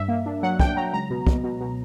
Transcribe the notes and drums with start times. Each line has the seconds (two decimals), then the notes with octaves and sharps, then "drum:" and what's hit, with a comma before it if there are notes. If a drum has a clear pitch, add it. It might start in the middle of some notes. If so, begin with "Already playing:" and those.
Already playing: G2 E5
0.08 A#3
0.26 D4
0.43 F#3 F#5
0.60 D4 G5, drum: kick
0.77 F#3 A#5
0.93 C#2 A#5
1.10 B2
1.27 B2, drum: kick
1.44 B2
1.60 B2